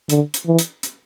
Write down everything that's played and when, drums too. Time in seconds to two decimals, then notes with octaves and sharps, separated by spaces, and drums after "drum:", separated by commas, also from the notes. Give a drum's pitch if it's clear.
0.09 D3, drum: hi-hat
0.34 drum: hi-hat
0.47 E3
0.59 drum: hi-hat
0.83 drum: hi-hat